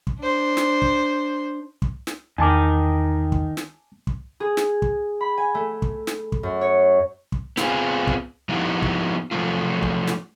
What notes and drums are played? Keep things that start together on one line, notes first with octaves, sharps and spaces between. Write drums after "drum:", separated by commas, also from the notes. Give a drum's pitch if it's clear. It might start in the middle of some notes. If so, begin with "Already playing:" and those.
drum: kick
D4 C5
drum: snare
drum: kick
drum: kick
drum: snare
E2 D#3 A#4 G#5 A5 D6
drum: kick
drum: snare
drum: kick
G#4
drum: snare
drum: kick
B5
G#5
A3
drum: kick
drum: snare
drum: kick
F#2
C#5
drum: kick
B3 C4 F4 G#4, drum: snare
drum: kick
F3 B3 D#4 E4 G4
drum: kick
F3 F#3 A3 F4
drum: kick
drum: snare